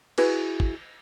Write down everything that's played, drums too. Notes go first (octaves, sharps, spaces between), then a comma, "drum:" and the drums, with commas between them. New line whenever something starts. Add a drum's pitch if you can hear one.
E4 F#4 G#4 B4, drum: cymbal
drum: kick